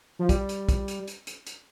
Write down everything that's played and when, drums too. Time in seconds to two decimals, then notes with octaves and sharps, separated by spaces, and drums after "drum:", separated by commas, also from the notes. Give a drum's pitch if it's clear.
0.19 F3
0.29 G3, drum: kick, hi-hat
0.49 drum: hi-hat
0.69 drum: kick, hi-hat
0.88 drum: hi-hat
1.08 drum: hi-hat
1.27 drum: hi-hat
1.47 drum: hi-hat